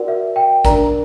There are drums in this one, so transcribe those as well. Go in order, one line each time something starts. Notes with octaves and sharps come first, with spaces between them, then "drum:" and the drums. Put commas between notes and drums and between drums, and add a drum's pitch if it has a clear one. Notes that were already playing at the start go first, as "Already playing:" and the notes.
Already playing: F#4 A#4 D5 F#5
E5
G5
D4 A#4 D5 A#5, drum: kick, hi-hat